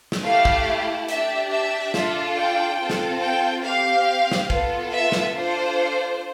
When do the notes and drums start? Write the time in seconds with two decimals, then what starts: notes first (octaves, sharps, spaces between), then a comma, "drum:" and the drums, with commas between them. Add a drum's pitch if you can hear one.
0.12 drum: snare
0.23 A3 E4 G4 F5
0.45 drum: kick
1.09 D4 G4 E5, drum: hi-hat
1.51 E5
1.94 D4 F4 A4, drum: snare
2.36 G5
2.79 C4 F4 A4
2.90 drum: snare
3.21 G5
3.64 C4 G4 F5
4.32 drum: snare
4.50 B3 F4 A4, drum: kick
4.92 E5
5.12 drum: snare
5.34 D4 F4 A4 C5